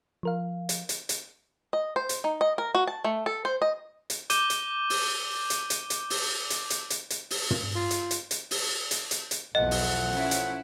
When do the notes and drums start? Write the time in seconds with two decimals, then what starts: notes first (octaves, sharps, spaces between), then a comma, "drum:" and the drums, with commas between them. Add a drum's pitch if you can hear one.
0.23 F3 A#4 F5
0.69 drum: hi-hat
0.89 drum: hi-hat
1.09 drum: hi-hat
1.73 D#5
1.96 C5
2.09 drum: hi-hat
2.24 D#4
2.41 D#5
2.58 A#4
2.75 F#4
2.87 A5
3.04 A3
3.26 A4
3.45 C5
3.62 D#5
4.10 drum: hi-hat
4.30 D6 G6 D#7 G7, drum: hi-hat
4.50 drum: hi-hat
4.90 drum: open hi-hat
5.50 drum: hi-hat
5.70 drum: hi-hat
5.90 drum: hi-hat
6.10 drum: open hi-hat
6.50 drum: hi-hat
6.70 drum: hi-hat
6.90 drum: hi-hat
7.10 drum: hi-hat
7.30 drum: open hi-hat
7.51 drum: tom
7.75 F4
7.91 drum: hi-hat
8.11 drum: hi-hat
8.31 drum: hi-hat
8.51 drum: open hi-hat
8.91 drum: hi-hat
9.11 drum: hi-hat
9.31 drum: hi-hat
9.55 B1 E2 F3 A3 D#5 F#5
9.71 drum: open hi-hat
10.13 C#4 E4
10.31 drum: hi-hat